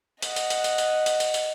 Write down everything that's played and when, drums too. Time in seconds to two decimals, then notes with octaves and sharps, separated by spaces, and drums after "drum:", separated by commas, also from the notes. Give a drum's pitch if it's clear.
0.22 D#5 F#5, drum: hi-hat
0.36 drum: hi-hat
0.50 drum: hi-hat
0.64 drum: hi-hat
0.78 drum: hi-hat
1.06 drum: hi-hat
1.20 drum: hi-hat
1.34 drum: hi-hat